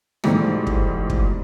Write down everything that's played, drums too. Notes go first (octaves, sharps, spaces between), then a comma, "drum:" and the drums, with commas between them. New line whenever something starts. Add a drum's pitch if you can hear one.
E2 G#2 B2 G3 A3, drum: rim click
drum: kick
drum: kick